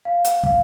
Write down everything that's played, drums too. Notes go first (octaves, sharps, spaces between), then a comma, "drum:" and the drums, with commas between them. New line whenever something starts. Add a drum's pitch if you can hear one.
F5
F#5, drum: hi-hat
F5, drum: kick